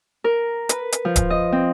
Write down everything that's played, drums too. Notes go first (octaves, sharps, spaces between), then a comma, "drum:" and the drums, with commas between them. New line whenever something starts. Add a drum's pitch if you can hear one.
A#4
B4, drum: hi-hat
drum: hi-hat
F3
drum: kick D1, hi-hat
D#5
C4